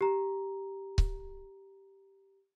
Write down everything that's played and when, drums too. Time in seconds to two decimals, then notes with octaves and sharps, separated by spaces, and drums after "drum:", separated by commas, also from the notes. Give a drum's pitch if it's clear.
0.01 G4 A#5
0.98 drum: kick C#1